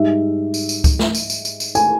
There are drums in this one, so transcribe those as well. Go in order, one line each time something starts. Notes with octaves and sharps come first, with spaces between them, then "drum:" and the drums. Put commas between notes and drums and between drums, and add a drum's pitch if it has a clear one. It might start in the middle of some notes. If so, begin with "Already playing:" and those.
Already playing: G#2 G3 E5
drum: tambourine
drum: tambourine
drum: kick C#2, tambourine
drum: snare
drum: tambourine
drum: tambourine
drum: tambourine
drum: tambourine
G#5, drum: tambourine